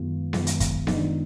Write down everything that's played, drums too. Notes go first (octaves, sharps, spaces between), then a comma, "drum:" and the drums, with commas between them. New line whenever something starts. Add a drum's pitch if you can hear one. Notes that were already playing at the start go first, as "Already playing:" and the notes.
Already playing: F#2 D#3 G#3 B3 F4
F#2 D#3 G#3 B3 F4, drum: snare B3
drum: hi-hat
drum: kick, hi-hat
F#2 D#3 G#3 B3 D#4, drum: snare B3
D4
D#4